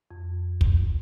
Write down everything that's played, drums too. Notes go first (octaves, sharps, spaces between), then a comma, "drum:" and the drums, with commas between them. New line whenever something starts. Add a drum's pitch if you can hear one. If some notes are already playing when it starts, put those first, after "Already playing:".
F2
drum: kick